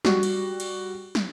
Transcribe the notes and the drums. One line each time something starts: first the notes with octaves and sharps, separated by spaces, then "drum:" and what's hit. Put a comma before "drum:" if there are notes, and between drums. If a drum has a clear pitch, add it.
G3 F#4, drum: snare
drum: cymbal
drum: cymbal
drum: snare